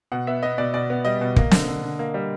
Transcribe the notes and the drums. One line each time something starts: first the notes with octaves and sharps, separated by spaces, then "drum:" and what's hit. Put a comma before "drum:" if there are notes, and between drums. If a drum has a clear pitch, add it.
B2 F#5
B3 E5
B3 D#5
B2 D5
B2 D5
B3
G3 D#5
B2
A#3, drum: kick
D3, drum: snare
D3
D3
A#3
G3